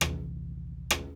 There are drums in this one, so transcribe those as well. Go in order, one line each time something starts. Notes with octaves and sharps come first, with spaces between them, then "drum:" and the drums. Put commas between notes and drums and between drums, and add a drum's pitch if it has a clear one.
A#1 D#2 C3 E3, drum: rim click
drum: rim click